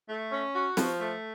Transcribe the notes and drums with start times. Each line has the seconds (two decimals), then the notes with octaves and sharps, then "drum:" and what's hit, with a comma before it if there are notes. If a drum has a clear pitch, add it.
0.09 A3
0.32 C#4
0.55 F#4
0.77 F3, drum: snare
1.00 A3